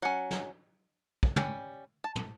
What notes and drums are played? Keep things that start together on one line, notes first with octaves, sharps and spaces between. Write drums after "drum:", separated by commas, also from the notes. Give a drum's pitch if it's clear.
F#3 C#4 F#5
drum: snare
drum: kick
G3 C#4 G5, drum: tom
A5
drum: tom